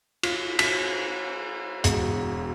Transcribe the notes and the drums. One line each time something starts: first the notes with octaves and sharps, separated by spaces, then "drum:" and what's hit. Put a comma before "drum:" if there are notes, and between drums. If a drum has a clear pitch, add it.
F4, drum: cymbal
B6, drum: cymbal
E1, drum: hi-hat